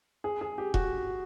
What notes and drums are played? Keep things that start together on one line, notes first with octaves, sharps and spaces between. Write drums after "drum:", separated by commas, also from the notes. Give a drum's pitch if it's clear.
G#4
G#4
G4
F#4, drum: kick E1